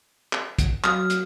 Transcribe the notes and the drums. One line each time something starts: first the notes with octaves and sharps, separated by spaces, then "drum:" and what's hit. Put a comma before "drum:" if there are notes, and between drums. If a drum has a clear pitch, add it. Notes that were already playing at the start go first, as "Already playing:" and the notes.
drum: clap
drum: kick, hi-hat
F#3 F5 D#6 F6, drum: clap
drum: hi-hat